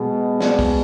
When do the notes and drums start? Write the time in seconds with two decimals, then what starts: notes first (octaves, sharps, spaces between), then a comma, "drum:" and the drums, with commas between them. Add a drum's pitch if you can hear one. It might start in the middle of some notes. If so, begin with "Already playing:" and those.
Already playing: B2 G#3
0.41 D5, drum: snare
0.59 drum: kick C2, open hi-hat